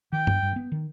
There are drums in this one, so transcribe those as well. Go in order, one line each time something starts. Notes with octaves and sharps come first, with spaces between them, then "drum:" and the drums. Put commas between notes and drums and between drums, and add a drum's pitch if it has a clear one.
D#3 G5
G2, drum: tom
G2
B3
D#3